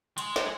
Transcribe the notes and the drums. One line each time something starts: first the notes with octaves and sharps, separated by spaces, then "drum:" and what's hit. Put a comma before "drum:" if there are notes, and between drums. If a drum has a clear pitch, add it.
G#3, drum: hi-hat
drum: snare